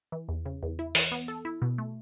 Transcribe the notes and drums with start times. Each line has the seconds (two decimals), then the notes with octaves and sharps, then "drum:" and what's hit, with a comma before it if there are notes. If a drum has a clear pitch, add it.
0.12 E3
0.29 E2
0.46 C#3
0.63 E2
0.79 E4
0.95 E3, drum: open hi-hat
1.12 B3
1.28 A4
1.45 E4
1.62 B2
1.78 A3